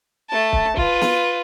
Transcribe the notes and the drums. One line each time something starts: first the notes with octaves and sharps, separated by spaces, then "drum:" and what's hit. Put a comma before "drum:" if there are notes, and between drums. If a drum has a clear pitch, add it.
A3 A5
drum: kick
F4 B4, drum: kick
drum: snare